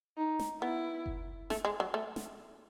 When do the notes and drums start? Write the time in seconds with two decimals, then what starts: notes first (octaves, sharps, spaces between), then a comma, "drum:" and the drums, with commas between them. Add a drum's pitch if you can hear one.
0.17 D#4
0.39 drum: snare
0.62 B3 E4
1.06 drum: kick F#1
1.50 A3, drum: snare
1.65 G#3
1.80 F#3
1.94 A3
2.16 drum: snare